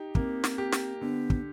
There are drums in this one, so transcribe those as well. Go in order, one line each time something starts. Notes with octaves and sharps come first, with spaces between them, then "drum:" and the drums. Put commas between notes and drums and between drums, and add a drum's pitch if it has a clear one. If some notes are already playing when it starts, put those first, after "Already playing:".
Already playing: D#4 G4
A#3 C4, drum: kick
drum: snare
G4
drum: snare
D3 B3
drum: kick